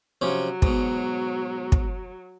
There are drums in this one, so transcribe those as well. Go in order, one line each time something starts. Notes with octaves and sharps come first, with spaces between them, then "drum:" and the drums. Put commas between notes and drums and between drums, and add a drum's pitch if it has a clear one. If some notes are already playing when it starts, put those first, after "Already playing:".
C3 F3 F#3 C#4
G#2 B2, drum: kick
drum: kick